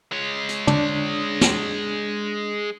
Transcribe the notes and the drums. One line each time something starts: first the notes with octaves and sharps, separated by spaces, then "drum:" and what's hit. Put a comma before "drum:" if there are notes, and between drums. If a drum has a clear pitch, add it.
G#3 C#5
drum: hi-hat
D4, drum: tom
drum: snare